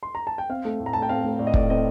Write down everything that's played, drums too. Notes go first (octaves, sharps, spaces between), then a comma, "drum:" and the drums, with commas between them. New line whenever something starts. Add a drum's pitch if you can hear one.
C6
A#5
A5
G5
C4 F5
A3
A2
A#5
A2 A5
G5
C4 F5
A3
A2 D5
D#5
A2 D5, drum: kick
C4 D#5